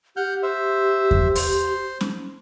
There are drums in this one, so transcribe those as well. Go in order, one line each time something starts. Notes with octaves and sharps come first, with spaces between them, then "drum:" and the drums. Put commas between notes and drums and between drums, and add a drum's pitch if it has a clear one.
G4 F#5 F6 G6
C5 E5
drum: kick E2
C5 C6, drum: open hi-hat
drum: snare